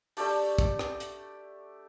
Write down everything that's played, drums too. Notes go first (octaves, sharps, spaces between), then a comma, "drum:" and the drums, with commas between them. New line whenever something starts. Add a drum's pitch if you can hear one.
A3 D4 G4 A5, drum: open hi-hat
drum: kick, hi-hat
drum: rim click
drum: hi-hat